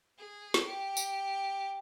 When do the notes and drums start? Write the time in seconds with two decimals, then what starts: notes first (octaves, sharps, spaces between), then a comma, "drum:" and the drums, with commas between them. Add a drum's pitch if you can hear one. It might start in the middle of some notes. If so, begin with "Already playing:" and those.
0.18 G#4
0.54 drum: snare
0.66 G4
0.97 drum: tambourine